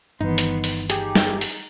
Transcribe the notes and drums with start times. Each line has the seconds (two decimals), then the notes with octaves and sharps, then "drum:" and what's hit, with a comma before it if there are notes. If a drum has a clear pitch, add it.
0.21 G1 D#3 E3 B3 D#4 C6
0.38 drum: hi-hat
0.64 drum: open hi-hat
0.90 D#4 G4 G#4, drum: hi-hat
1.15 drum: snare
1.41 drum: open hi-hat